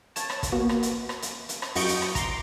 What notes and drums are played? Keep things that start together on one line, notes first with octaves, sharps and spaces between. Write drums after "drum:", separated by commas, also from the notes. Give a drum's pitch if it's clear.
C#5 A5, drum: hi-hat
drum: rim click
drum: kick, hi-hat
A#3 B3 F#4
drum: rim click
drum: hi-hat
drum: rim click
drum: hi-hat
drum: hi-hat
drum: rim click
F#2 F#4 D#5 C#6 G6 D7, drum: open hi-hat
drum: hi-hat
drum: rim click
A#5 C6 D6, drum: kick, hi-hat